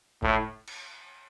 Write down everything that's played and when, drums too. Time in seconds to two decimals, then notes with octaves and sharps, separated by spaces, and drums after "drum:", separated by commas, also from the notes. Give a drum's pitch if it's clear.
0.23 A2, drum: kick
0.68 drum: cymbal